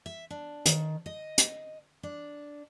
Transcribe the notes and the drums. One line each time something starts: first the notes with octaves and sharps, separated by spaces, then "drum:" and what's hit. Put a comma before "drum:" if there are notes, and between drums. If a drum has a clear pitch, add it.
E5
D4
D#3, drum: hi-hat
D#5
drum: hi-hat
D4